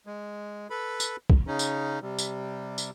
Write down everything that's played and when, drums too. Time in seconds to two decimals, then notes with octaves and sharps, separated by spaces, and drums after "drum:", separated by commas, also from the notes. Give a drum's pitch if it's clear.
0.07 G#3
0.70 A4 B4 B5
1.00 drum: tambourine
1.30 drum: kick
1.47 C#3 C#4 D#4
1.59 drum: tambourine
2.02 C3 G3
2.19 drum: tambourine
2.78 drum: tambourine